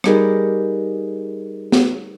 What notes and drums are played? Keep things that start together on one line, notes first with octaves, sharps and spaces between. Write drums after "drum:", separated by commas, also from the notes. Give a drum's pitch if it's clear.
G3 D#4 G4 G#4 A#4 B4, drum: rim click
drum: snare